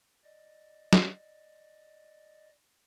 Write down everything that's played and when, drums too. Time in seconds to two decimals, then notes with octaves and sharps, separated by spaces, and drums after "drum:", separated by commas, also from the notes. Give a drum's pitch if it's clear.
0.24 D5 D#5
0.93 drum: snare